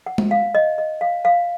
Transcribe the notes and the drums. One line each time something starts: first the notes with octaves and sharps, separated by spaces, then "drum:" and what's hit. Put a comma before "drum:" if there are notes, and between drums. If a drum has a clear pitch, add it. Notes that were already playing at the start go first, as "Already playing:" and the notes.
F#5
drum: tom G#3
F5
D#5
D#5
F5
F5